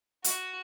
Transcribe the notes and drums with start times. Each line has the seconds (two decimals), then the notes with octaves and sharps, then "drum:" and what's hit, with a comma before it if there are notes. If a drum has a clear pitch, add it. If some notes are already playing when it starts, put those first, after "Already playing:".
0.24 F#4, drum: hi-hat